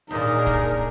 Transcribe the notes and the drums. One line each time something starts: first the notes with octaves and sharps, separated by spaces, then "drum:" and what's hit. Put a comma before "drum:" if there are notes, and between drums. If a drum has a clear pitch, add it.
D#2 A#2 D4 D#4 G#4 A#4
drum: kick